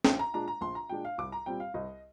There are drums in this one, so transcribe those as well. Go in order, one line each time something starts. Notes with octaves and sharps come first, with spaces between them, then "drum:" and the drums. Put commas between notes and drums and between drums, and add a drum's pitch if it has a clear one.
A#1 G5, drum: snare C#4
A#5
A#2 G#3 D4 A#5
A#5
A#1 C6
A#5
A#2 G#3 D4 G5
F5
C2 D6
A#5
A#2 G3 C4 G5
F5
C2 D#5